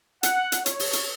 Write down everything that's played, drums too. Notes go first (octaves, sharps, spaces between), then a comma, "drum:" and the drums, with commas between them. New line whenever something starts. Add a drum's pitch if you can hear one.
F#5, drum: hi-hat
drum: hi-hat
C#5, drum: hi-hat
drum: open hi-hat
drum: hi-hat